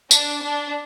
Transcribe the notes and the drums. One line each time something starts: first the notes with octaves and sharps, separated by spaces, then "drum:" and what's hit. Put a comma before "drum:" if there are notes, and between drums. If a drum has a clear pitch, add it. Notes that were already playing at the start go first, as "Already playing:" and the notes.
D4, drum: tambourine
D4